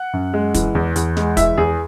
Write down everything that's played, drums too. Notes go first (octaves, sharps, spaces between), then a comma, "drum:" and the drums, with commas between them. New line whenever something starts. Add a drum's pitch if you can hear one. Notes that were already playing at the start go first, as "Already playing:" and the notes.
Already playing: F#5
F#2
G#3
E3, drum: kick, hi-hat
E2
E2, drum: hi-hat
G#3, drum: snare
E3 E5, drum: kick, hi-hat
E2 G#4